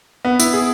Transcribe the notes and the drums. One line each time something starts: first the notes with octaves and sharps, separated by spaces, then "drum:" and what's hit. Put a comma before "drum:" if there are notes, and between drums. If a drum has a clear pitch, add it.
B3
E4, drum: tambourine
G#4